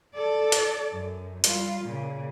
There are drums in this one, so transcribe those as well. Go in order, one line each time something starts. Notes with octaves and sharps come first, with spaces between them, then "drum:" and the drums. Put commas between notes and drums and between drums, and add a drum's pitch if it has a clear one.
A4 D5
drum: hi-hat
F#2
G3 F4, drum: hi-hat
A#2 C#3